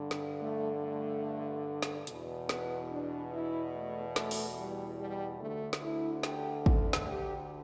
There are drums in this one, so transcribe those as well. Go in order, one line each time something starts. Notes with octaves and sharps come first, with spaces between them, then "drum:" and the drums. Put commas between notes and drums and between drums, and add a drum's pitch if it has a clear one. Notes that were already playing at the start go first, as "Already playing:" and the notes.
Already playing: G2 D3
drum: snare
A3
A3
drum: snare
E2 B2, drum: hi-hat
B3, drum: snare
D4
E4
A3
A3, drum: snare
drum: open hi-hat
G3
G3
D2 D3 A3
drum: snare
E4
G4, drum: snare
A4, drum: kick
drum: snare
G4